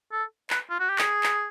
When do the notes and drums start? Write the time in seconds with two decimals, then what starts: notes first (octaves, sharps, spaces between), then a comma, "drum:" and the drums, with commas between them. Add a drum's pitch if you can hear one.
0.12 A4
0.50 B4, drum: clap
0.70 F4
0.79 F#4
0.90 G4
0.98 G#4, drum: clap
1.23 drum: clap